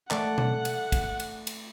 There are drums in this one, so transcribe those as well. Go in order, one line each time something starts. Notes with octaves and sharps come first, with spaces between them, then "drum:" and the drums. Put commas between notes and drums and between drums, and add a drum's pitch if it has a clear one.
A3 D5 F#5, drum: clap
drum: tom B2
drum: cymbal
drum: kick, cymbal
drum: cymbal
drum: cymbal